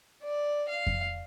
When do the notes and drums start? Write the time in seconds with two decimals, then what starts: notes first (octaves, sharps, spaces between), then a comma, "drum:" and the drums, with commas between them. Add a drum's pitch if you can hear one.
0.22 D5
0.68 F5
0.87 drum: kick F2